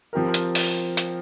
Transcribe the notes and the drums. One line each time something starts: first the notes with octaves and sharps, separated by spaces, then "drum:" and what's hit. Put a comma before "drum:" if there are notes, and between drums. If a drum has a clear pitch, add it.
F3 C4 G4 A#4
drum: hi-hat
drum: open hi-hat
drum: hi-hat